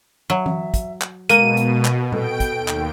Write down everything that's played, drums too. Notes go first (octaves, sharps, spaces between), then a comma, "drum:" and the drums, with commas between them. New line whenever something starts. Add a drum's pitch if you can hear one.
F#3 E5
drum: tom E3
drum: kick, hi-hat
drum: clap
B2 G#3 A#3 D#7, drum: hi-hat
drum: hi-hat
drum: clap
A4 G5 D7, drum: tom A#2
drum: kick, hi-hat
D#2
drum: clap